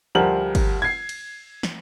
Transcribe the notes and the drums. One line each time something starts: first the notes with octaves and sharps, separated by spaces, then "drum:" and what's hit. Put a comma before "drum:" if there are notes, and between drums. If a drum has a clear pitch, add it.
D2 F3 G3 A#4 F#7
drum: kick G1, cymbal
G#6 C7
drum: cymbal
drum: snare